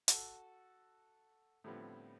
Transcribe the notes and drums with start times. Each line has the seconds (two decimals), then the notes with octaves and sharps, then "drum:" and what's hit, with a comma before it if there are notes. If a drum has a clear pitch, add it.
0.08 F#4 A4, drum: hi-hat
1.64 A2 D3 F3 G3 B3 C4